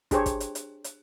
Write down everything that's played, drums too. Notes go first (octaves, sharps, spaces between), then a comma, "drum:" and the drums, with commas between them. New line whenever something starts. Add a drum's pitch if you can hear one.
D4 G4 G#4 C5 C#5, drum: kick, hi-hat
drum: kick, hi-hat
drum: hi-hat
drum: hi-hat
drum: hi-hat